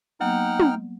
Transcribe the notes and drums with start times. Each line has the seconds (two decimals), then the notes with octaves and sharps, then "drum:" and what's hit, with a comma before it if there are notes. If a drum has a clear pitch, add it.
0.21 F#3 A#3 B3 D#4 F#5 G5 F6
0.60 drum: tom